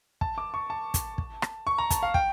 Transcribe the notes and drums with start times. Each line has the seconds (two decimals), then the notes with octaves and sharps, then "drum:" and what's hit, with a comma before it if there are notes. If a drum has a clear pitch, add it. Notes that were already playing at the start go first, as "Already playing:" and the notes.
0.21 A5, drum: kick
0.38 D6
0.54 C#6
0.70 A5
0.94 drum: kick, hi-hat
1.18 drum: kick
1.42 drum: rim click
1.67 C#6
1.78 A#5
1.90 A5, drum: kick, hi-hat
2.03 F5
2.14 G5, drum: kick